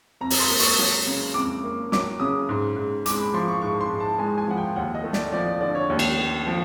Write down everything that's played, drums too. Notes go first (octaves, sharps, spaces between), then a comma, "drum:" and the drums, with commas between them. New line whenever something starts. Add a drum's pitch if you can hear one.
F2 A#5
drum: open hi-hat
C6
A#3
C#6, drum: open hi-hat
F#3
C#3
F2 D6
A#3
F#3 D6, drum: snare
C#3 D#6
G#2
G#2
G#3 D6, drum: hi-hat
B5
F3 C6
C#6
G#2 C#6
C6
G#2
A5
G#3 G#5
G#5
F3 F#5
G5
D#2 F#5
D#5
A3
D5, drum: snare
F3 D5
D5
D3 D5
C#5
D#2
drum: cymbal
A3
F3